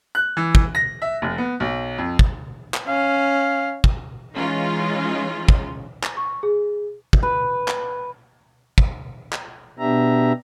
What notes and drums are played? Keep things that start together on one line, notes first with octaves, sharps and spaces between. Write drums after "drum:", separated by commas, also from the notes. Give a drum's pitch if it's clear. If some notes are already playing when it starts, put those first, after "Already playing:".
F#6
E3
drum: kick
A#6
E5
F1
B3
B1
F2
drum: kick
drum: clap
C#4 F5
drum: kick
E3 G#3 C#4 D#4 F4
drum: kick
drum: clap
C#6
G#4
drum: kick
B4
drum: clap
drum: kick
drum: clap
B2 B3 D4 G4 E5 A#5